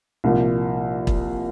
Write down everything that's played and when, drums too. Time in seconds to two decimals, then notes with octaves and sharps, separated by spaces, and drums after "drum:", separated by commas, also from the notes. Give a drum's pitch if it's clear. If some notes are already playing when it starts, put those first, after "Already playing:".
0.24 C2 A#2 F3 A#3
1.07 drum: kick